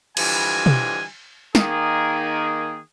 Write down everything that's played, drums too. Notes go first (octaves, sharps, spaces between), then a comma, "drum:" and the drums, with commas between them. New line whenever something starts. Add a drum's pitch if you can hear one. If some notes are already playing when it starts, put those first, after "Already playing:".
D3 E3 F3 G3 G#3 G#5, drum: cymbal
drum: tom B2
D#3 A#3 G#4, drum: snare